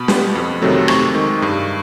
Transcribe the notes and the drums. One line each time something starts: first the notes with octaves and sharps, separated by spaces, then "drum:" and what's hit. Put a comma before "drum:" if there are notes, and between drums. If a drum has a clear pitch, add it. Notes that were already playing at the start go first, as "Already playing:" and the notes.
Already playing: B2 B5
G3 B3, drum: snare
F2
C3 D#3 F#3 A3
C3 C#6, drum: rim click
D#3 G#3
G2